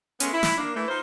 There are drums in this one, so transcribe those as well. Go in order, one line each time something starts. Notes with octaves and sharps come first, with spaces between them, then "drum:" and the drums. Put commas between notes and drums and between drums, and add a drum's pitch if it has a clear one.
G#3 A3 B3 C#4, drum: hi-hat
E4
drum: snare
A#3 D4
E3 A3
D#4 F4 C5